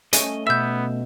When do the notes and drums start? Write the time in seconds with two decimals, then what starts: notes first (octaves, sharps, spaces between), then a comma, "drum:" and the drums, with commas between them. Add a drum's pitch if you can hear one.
0.13 A3 C#4 D#5, drum: hi-hat
0.47 B2 B3 E5 E6 G6